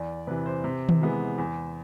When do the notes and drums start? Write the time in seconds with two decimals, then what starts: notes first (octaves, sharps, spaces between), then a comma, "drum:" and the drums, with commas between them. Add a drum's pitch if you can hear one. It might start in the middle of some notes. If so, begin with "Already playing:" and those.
Already playing: E2 D5
0.27 C3 E3 B4
0.46 C5
0.64 C3
0.89 drum: tom D#3
1.01 E3 G#3 B3
1.38 E2